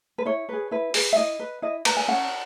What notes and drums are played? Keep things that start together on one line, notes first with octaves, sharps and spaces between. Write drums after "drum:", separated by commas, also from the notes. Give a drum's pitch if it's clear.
B4
E4 C#5
G#4 B4
E4 B4
G#4 B4, drum: open hi-hat
E5
E4 D#5
B4
E4 D#5
B4 A#5, drum: cymbal
G#5
C#4 F#5